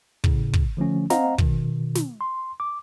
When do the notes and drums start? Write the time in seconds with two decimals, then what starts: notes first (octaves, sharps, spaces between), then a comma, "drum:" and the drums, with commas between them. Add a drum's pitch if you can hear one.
0.24 A2 C#3, drum: kick
0.53 drum: kick
0.77 D3 F3 A3 C#4
1.10 C4 C5 D#5 F5 F#5 A#5, drum: snare
1.38 B2 D#3, drum: kick
1.95 drum: snare
2.21 C6
2.60 D6